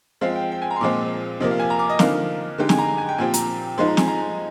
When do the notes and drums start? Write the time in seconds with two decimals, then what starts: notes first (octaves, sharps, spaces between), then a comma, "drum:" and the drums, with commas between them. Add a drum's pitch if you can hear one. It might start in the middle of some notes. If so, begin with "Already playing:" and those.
0.21 F3 G#3 C4 F5
0.36 G5
0.52 G5
0.62 G#5
0.71 A#5
0.76 C6
0.81 A#2 F3 G#3 C4 D6
1.40 C3 F3 A#3 D#5
1.51 F5
1.59 G#5
1.70 A#5
1.79 D6
1.89 D#5
1.99 D3 F3 A#3 D#4 F5, drum: snare
2.58 D3 G#3 D#4 G4 G5
2.69 G#5, drum: snare
2.78 A#5
2.98 G#5
3.09 G5
3.18 A#2 F3 C4 G4 G#5
3.34 A#5, drum: hi-hat
3.78 F3 G#3 D#4 C6
3.88 A#5
3.97 G#5, drum: snare
4.08 A#5